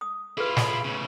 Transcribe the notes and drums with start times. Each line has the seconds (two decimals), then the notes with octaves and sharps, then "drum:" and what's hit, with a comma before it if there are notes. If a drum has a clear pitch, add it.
0.01 D#6
0.38 E4 F4 G#4 B4
0.57 drum: snare
0.85 A2 C#3